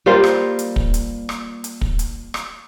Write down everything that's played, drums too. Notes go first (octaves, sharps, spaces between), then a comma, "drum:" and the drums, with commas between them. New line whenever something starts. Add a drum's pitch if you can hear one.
G3 A#3 F4 C5
drum: rim click
drum: hi-hat
drum: kick
drum: hi-hat
drum: rim click
drum: hi-hat
drum: kick
drum: hi-hat
drum: rim click